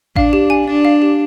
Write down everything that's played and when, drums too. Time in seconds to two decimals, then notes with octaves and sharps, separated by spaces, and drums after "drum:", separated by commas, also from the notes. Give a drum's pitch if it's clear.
0.16 D4 F5, drum: kick A1
0.33 G4
0.50 G#5
0.67 D4 D5
0.85 F5
1.02 G4